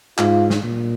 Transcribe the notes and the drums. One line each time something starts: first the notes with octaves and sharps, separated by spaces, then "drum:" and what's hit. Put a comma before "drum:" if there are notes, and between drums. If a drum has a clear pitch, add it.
G#2 F4, drum: clap
drum: snare
A#2